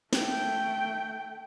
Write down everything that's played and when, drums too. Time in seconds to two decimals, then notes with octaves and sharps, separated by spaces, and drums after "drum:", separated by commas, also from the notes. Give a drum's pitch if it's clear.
0.13 A3 G5, drum: snare